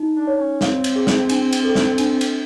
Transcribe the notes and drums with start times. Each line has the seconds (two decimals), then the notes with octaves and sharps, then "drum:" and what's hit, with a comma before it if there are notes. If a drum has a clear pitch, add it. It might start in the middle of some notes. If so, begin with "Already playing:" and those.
Already playing: D#4
0.15 D4
0.27 C#5
0.39 C#4
0.61 C4 F5, drum: snare
0.84 drum: cymbal
0.96 G#4
1.07 drum: snare
1.29 D4, drum: cymbal
1.53 drum: cymbal
1.64 A4
1.75 drum: snare
1.98 D4, drum: cymbal
2.21 drum: cymbal